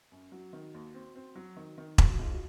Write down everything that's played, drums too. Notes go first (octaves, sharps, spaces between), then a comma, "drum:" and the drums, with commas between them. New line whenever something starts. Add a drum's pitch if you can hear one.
F#2
F#3 F#4
D#3
D#2
C4
C4
F#3
D#3
D#3
F3 G#4, drum: kick E1
F#4
G#2 F4
F#4